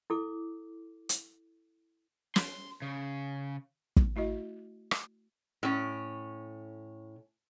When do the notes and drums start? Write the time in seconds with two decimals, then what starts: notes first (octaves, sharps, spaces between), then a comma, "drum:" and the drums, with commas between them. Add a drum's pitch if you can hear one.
0.10 E4 A4 D6
1.09 drum: hi-hat
2.36 C6, drum: snare
2.82 C#3
3.96 drum: kick
4.16 A3 E4 F#4 D#5
4.91 drum: rim click
5.63 A2 C#4